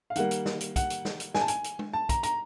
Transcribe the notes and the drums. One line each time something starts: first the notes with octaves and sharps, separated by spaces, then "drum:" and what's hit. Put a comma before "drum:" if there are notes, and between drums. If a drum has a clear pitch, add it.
F5
D#3 G3 A#3 F#5, drum: hi-hat
drum: hi-hat
drum: snare
drum: hi-hat
F#5, drum: kick, hi-hat
drum: hi-hat
drum: snare
drum: hi-hat
G#5, drum: snare
A5
G#5, drum: hi-hat
drum: hi-hat
drum: tom
A5
A#5, drum: kick, hi-hat
A#5, drum: hi-hat